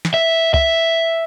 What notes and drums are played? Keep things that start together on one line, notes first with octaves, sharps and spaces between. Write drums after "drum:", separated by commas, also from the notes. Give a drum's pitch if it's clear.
drum: snare
E5
E5, drum: kick